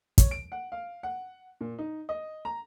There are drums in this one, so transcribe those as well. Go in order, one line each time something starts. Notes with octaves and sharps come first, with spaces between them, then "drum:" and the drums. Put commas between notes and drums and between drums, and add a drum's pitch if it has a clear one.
C#5, drum: kick, hi-hat
D7
F#5
F5
F#5
A#2
D#4
D#5
A#5